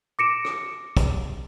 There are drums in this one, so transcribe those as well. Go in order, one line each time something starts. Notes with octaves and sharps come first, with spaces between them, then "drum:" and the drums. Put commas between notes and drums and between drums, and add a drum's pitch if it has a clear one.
D6 A#6 C#7 D7 E7
drum: rim click
drum: kick, hi-hat